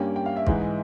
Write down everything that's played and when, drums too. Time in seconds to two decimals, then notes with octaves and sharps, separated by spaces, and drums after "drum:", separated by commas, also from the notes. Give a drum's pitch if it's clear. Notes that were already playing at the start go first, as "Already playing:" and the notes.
Already playing: G2 G3 A#3 C#4 G5
0.16 G5
0.26 F5
0.36 E5
0.47 G#2 E3 G#3, drum: kick